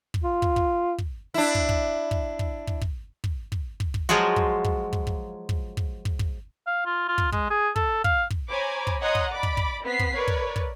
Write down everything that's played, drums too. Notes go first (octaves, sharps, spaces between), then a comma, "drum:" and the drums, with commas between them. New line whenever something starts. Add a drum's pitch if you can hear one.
drum: kick
F4
drum: kick
drum: kick
drum: kick
D4 E4
drum: kick
drum: kick
drum: kick
drum: kick
drum: kick
drum: kick
drum: kick
drum: kick
drum: kick
drum: kick
F3 F#3 G#3 F4 F#4
drum: kick
drum: kick
drum: kick
drum: kick
drum: kick
drum: kick
drum: kick
drum: kick
F5
F4
F4
drum: kick
G#3, drum: kick
G#4
A4, drum: kick
F5, drum: kick
drum: kick
C5 C#5 G#5 A#5 B5 D6
drum: kick
C#5 D#5 F#5 A#5 C6 D#6
drum: kick
D5 B5 D6
drum: kick
drum: kick
B3 C4 B6 C7
drum: kick
A#4 B4 C#5 D5
drum: kick
drum: kick